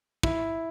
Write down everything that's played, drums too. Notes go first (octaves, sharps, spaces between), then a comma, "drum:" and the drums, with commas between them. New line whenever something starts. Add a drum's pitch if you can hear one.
E4, drum: kick